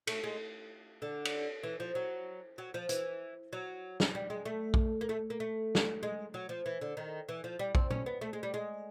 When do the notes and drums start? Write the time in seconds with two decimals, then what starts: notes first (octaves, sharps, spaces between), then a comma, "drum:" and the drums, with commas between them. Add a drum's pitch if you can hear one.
0.07 A3, drum: cymbal
0.24 G#3
1.02 D3
1.25 drum: cymbal
1.63 E3
1.80 F3
1.95 F#3
2.58 F#3
2.74 F3
2.89 E3, drum: hi-hat
3.53 F#3
4.00 drum: snare
4.15 G3
4.30 G#3
4.45 A3
4.74 drum: kick A#1
5.01 A#3
5.09 A3
5.30 A#3
5.40 A3
5.75 drum: snare
6.03 G#3
6.34 F#3
6.49 F3
6.66 E3
6.81 D3
6.97 D#3
7.29 E3
7.44 F3
7.59 G3
7.75 C4, drum: kick A#1
7.90 C#4, drum: tom
8.06 B3
8.21 A3
8.33 G#3
8.43 G3
8.54 G#3